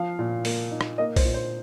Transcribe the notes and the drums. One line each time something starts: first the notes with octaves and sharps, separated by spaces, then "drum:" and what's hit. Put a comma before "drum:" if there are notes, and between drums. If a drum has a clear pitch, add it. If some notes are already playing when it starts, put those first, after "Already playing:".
Already playing: F3 F5
A#2
A#3, drum: open hi-hat
D#4
drum: rim click
A#3 D#5
C5, drum: kick B1, open hi-hat
A#2
C5